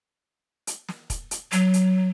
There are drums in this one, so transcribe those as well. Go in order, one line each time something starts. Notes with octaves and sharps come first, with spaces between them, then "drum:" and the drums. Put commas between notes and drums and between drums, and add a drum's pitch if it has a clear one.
drum: hi-hat
drum: snare
drum: kick, hi-hat
drum: hi-hat
F#3, drum: hi-hat
drum: hi-hat